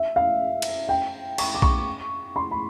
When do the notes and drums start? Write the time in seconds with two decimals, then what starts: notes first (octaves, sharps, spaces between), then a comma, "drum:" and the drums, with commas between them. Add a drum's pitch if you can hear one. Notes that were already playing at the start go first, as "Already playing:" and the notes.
Already playing: E5
0.16 F5
0.62 drum: cymbal
0.89 G5
1.38 C#6, drum: cymbal
1.55 D6
1.62 C#6, drum: kick B1
2.36 C6
2.51 B5